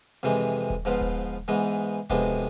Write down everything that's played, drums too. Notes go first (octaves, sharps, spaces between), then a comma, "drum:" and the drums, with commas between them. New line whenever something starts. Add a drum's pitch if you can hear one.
F2 C3 E3 G#3
drum: kick D#1
G#2 F3 B3 F4 B4
drum: kick D#1
G#2 E3 G#3 B3
F2 C3 G#3 B3 D4, drum: kick D#1